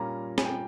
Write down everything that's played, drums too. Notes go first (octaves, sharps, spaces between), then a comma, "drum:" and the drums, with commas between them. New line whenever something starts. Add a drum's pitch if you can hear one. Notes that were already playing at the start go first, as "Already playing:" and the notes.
Already playing: A#2 G3 C#4 F4 A#5
G#5, drum: snare
G5